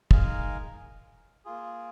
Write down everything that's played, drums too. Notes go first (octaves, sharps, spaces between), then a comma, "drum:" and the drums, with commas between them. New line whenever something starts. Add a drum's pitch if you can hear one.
G#3 D#4 A#4 F5 G#5, drum: kick
A#3 F4 G#4